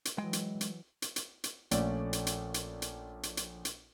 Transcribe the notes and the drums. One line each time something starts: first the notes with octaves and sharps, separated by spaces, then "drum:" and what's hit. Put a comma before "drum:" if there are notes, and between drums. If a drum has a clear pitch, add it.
drum: hi-hat
E3 F#3 G#3 D#5 G5
drum: hi-hat
drum: hi-hat
drum: hi-hat
drum: hi-hat
drum: hi-hat
A#1 A3 C#4 F4 A4 D5, drum: hi-hat
drum: hi-hat
drum: hi-hat
drum: hi-hat
drum: hi-hat
drum: hi-hat
drum: hi-hat
drum: hi-hat